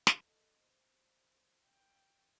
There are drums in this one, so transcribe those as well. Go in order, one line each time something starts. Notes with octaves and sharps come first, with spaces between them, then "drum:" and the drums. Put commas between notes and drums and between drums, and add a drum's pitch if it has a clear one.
drum: snare
A4 D#5
C5
G5